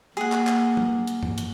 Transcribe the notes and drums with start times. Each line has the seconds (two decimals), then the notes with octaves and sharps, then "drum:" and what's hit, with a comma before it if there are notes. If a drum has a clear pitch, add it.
0.17 A#3 G#4 F#5
0.32 drum: clap
0.47 drum: clap
0.77 drum: tom
1.07 drum: hi-hat
1.23 drum: tom G2
1.38 drum: hi-hat